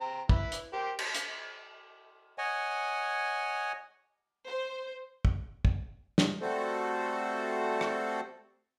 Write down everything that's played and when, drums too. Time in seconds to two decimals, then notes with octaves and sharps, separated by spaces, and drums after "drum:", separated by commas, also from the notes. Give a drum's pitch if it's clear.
0.01 C4 A#5
0.29 E4 B4, drum: kick
0.52 drum: hi-hat
0.73 G4 A#4 C5
0.99 drum: cymbal
1.14 drum: hi-hat
2.38 C#5 D#5 F#5 G#5
4.47 C5
5.25 drum: kick
5.65 drum: kick
6.18 drum: snare
6.41 G3 A3 C4 F#4 A4 C5
7.81 drum: rim click